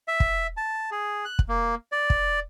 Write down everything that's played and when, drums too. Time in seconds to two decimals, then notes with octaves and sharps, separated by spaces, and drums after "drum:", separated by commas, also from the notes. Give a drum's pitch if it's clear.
0.08 E5
0.20 drum: kick
0.57 A5
0.91 G#4
1.25 F#6
1.39 drum: kick
1.49 A#3
1.92 D5
2.10 drum: kick